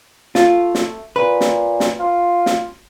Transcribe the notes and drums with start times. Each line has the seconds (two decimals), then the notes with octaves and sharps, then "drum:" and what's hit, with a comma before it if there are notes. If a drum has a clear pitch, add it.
0.35 A3 F4, drum: snare
0.75 drum: snare
1.16 A#2 B4
1.41 drum: snare
1.80 drum: snare
1.99 F4
2.46 drum: snare